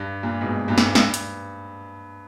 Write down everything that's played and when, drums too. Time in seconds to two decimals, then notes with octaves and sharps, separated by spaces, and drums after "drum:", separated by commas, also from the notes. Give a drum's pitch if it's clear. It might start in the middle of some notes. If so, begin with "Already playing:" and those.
Already playing: G2
0.23 G2 A#2
0.41 G#2 B2
0.68 G2 A#2
0.78 drum: snare
0.95 G2, drum: snare
1.14 drum: hi-hat